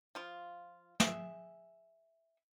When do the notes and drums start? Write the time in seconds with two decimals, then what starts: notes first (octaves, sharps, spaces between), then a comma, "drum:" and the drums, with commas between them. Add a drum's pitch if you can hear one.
0.15 F3 F4
1.00 G#4 E5, drum: snare